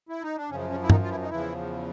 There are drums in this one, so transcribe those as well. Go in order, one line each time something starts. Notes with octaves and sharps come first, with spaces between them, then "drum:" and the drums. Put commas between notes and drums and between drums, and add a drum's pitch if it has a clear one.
E4
D#4
D4
F#2 C#3 F3 C#4
C#3 C#4
E4
D#3 D#4, drum: tom
F4
E3 E4
D#4
E2 C#3 E3 F3 E4